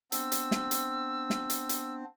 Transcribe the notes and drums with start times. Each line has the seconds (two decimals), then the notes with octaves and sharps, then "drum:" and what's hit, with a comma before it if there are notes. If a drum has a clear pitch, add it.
0.12 B3 C4 D4 E6, drum: hi-hat
0.32 drum: hi-hat
0.51 drum: snare
0.71 drum: hi-hat
1.30 drum: snare
1.50 drum: hi-hat
1.69 drum: hi-hat